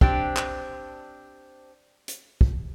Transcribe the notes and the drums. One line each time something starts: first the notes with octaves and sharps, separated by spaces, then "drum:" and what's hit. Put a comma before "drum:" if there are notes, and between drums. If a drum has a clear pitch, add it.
C4 D4 G4, drum: kick
drum: clap
drum: hi-hat
drum: kick